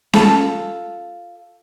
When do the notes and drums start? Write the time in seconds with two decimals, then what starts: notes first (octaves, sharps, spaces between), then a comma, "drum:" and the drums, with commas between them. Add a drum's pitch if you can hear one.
0.13 F4 A4, drum: snare C#4